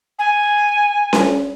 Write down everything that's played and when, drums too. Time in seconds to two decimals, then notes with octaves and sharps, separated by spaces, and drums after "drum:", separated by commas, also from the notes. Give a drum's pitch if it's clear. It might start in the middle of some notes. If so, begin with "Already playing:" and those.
0.19 G#5
1.13 drum: snare C#4